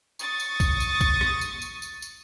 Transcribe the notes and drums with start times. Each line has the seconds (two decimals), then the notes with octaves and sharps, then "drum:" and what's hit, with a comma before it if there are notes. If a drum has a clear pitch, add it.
0.19 C#6 D#6 A6, drum: tambourine
0.40 drum: tambourine
0.60 drum: kick, tambourine
0.80 drum: tambourine
1.01 drum: kick, tambourine
1.21 drum: rim click
1.41 drum: tambourine
1.62 drum: tambourine
1.82 drum: tambourine
2.02 drum: tambourine